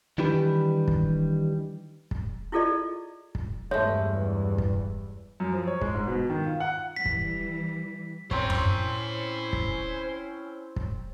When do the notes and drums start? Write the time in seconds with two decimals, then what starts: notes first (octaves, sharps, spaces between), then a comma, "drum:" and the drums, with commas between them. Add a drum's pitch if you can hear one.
0.18 D#3 E3 G3 D4 G4 B4
0.88 drum: kick
2.11 drum: kick
2.52 E4 F4 G#4 A4 D5 D#5
3.35 drum: kick
3.71 E2 G2 E3 G#3 A3 C#5
4.58 drum: kick
5.40 F#2
5.52 F3
5.67 C#5
5.81 G#3, drum: kick
5.94 G#2
6.07 B2
6.30 D#3
6.45 F4
6.60 F#5
6.96 E3 G3 B6
7.06 drum: kick
8.31 C4 C#4 E4 C5 C#5 A#5, drum: kick
8.50 drum: tom F#2
9.53 drum: kick
10.76 drum: kick